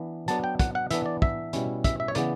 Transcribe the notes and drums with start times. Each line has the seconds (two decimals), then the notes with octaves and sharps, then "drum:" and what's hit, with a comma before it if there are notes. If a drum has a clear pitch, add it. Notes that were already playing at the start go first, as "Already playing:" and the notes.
Already playing: E3 B3 D4
0.28 F#3 B3 D4 A5, drum: hi-hat
0.44 G5
0.59 F#5, drum: kick, hi-hat
0.75 F#5
0.91 E3 B3 D4 E5, drum: hi-hat
1.06 D5
1.22 E5, drum: kick
1.53 B2 G3 C#4 E4, drum: hi-hat
1.84 E5, drum: kick, hi-hat
2.00 E5
2.08 C#5
2.15 C#3 E3 B3 D5, drum: hi-hat